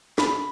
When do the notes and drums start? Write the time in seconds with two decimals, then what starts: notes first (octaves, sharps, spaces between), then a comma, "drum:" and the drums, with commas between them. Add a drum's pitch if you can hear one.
0.18 B5, drum: snare